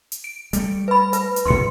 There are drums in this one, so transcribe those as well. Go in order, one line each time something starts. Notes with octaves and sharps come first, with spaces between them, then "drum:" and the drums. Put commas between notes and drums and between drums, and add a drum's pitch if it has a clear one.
drum: hi-hat
D7
G3 A3, drum: hi-hat
B4 B5
B4, drum: hi-hat
drum: hi-hat
D2 G#2 C6 C#7